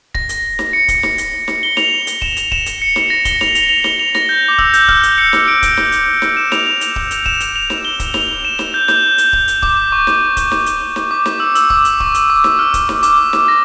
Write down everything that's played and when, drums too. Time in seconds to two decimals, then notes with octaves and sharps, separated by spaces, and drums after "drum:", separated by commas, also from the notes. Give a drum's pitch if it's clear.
0.15 A#6, drum: kick D1
0.29 drum: hi-hat
0.59 drum: snare
0.73 C#7
0.88 drum: kick D1, hi-hat
1.03 drum: snare
1.18 drum: hi-hat
1.48 drum: snare
1.63 G7
1.77 F7, drum: snare
2.07 drum: hi-hat
2.22 E7, drum: kick D1
2.37 drum: hi-hat
2.52 E7, drum: kick D1
2.66 drum: hi-hat
2.82 C#7
2.96 drum: snare
3.10 A#6
3.25 G7, drum: kick D1, hi-hat
3.41 F7, drum: snare
3.55 F7, drum: hi-hat
3.69 F7
3.84 G7, drum: snare
3.99 F7
4.15 A#6, drum: snare
4.29 G6
4.48 D6
4.58 E6, drum: kick D1
4.73 G6, drum: hi-hat
4.88 F6, drum: kick D1
5.03 drum: hi-hat
5.18 C#7
5.33 drum: snare
5.48 D7
5.63 drum: kick D1, hi-hat
5.77 drum: snare
5.92 drum: hi-hat
6.22 drum: snare
6.37 E7
6.52 F7, drum: snare
6.67 F7
6.81 drum: hi-hat
6.96 drum: kick D1
7.11 drum: hi-hat
7.26 E7, drum: kick D1
7.40 drum: hi-hat
7.56 F7
7.70 drum: snare
7.85 G7
8.00 drum: kick D1, hi-hat
8.14 F7, drum: snare
8.45 E7
8.59 drum: snare
8.74 G6
8.88 G6, drum: snare
9.18 drum: hi-hat
9.33 drum: kick D1
9.48 drum: hi-hat
9.62 D6, drum: kick D1
9.92 C#6
10.07 drum: snare
10.37 drum: kick D1, hi-hat
10.51 drum: snare
10.66 drum: hi-hat
10.96 drum: snare
11.11 D6
11.26 drum: snare
11.40 E6
11.55 E6, drum: hi-hat
11.70 D6, drum: kick D1
11.85 drum: hi-hat
12.00 C#6, drum: kick D1
12.14 drum: hi-hat
12.30 D6
12.44 drum: snare
12.59 F6
12.74 drum: kick D1, hi-hat
12.89 D6, drum: snare
13.03 D6, drum: hi-hat
13.33 drum: snare
13.48 A#6